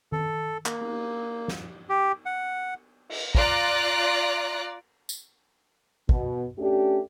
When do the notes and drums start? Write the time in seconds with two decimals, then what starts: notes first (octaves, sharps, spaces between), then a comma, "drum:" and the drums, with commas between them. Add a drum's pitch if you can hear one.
0.12 A4, drum: tom D#3
0.66 A#3, drum: clap
0.81 drum: cymbal
1.48 drum: snare
1.89 G4
2.26 F#5
3.09 drum: cymbal
3.35 F4 D5 A#5 F#6, drum: kick
5.09 drum: tambourine
6.09 B2, drum: kick
6.58 A3 C#4 D4 G4